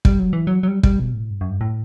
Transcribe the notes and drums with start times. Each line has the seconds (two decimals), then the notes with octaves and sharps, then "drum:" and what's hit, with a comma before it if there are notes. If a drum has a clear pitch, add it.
0.05 G3, drum: kick
0.19 F#3
0.33 E3
0.47 F#3
0.63 F#3
0.68 G3
0.83 G3, drum: kick
1.00 B2
1.14 A2
1.31 G2
1.41 F#2
1.51 G2
1.61 A2